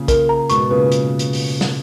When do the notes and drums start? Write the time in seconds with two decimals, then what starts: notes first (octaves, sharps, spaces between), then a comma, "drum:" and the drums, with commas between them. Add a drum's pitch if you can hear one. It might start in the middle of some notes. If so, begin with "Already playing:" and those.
Already playing: A#2 C#3
0.08 A#4, drum: kick, hi-hat
0.29 A#5
0.50 G#2 B2 C#6, drum: hi-hat
0.70 A#2 C#3 B4
0.92 drum: hi-hat
1.19 drum: hi-hat
1.33 drum: open hi-hat
1.61 drum: snare